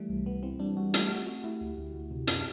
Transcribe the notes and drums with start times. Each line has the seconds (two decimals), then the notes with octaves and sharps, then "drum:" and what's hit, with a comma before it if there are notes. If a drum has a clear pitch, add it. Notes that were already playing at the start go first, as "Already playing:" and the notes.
Already playing: E3 G3 A3
0.09 C2
0.26 B2 B3
0.43 C4 E4
0.60 G3 D4
0.77 G3 F#4
0.94 A3 G4, drum: hi-hat
1.10 C4 F#4
1.27 A3 F#4
1.44 A3 E4
1.61 D2
1.77 D2
1.94 D2
2.11 C3
2.27 F#2, drum: hi-hat